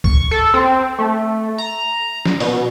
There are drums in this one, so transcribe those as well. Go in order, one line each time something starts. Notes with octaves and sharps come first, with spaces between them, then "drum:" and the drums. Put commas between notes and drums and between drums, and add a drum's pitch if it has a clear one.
C#6, drum: kick C2
A4
C4
A3
A#5
drum: snare F3
B2, drum: open hi-hat